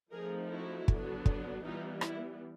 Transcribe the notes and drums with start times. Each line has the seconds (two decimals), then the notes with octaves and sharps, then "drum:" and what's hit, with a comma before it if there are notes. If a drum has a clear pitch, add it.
0.12 F3 A3 C4 D#4 G#4 A#4
0.49 E4 F#4
0.88 D3 F#3 B3 D4, drum: kick
1.26 drum: kick
1.64 E3 G3 B3 D#4 F4
2.01 E4, drum: rim click